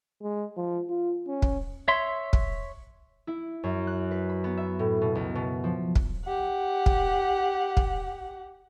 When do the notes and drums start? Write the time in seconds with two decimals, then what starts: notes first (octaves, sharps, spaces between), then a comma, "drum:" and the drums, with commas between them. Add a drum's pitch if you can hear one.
0.22 G#3
0.57 F3
0.90 F4
1.28 C#4
1.42 drum: kick
1.88 C#5 E5 C6
2.33 drum: kick
3.27 E4
3.64 F#2
3.87 F#6
4.11 B4
4.29 B5
4.44 B3
4.57 E5
4.79 A2
5.02 B2
5.15 C#2
5.35 B2
5.64 F3
5.95 drum: kick
6.25 G4 F#5
6.86 drum: kick
7.77 drum: kick